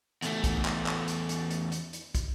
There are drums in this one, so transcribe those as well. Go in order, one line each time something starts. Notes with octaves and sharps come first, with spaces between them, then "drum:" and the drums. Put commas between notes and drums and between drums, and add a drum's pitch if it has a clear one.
E2 A3, drum: hi-hat
drum: kick, hi-hat
drum: clap
drum: clap
drum: hi-hat
drum: hi-hat
drum: hi-hat
drum: hi-hat
drum: hi-hat
drum: kick, hi-hat